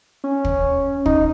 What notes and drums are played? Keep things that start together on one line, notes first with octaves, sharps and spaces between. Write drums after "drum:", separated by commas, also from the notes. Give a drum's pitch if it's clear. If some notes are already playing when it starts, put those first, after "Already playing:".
C#4
drum: kick
D#4, drum: kick